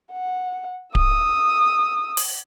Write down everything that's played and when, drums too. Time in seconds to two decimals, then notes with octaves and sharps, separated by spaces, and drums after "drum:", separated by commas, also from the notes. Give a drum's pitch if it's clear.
0.12 F#5
0.95 D#6 E6, drum: kick D1
2.17 drum: open hi-hat